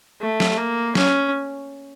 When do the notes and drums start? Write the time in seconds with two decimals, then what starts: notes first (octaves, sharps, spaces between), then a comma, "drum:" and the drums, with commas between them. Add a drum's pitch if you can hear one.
0.20 A3
0.40 drum: snare
0.58 A#3
0.95 C#4, drum: snare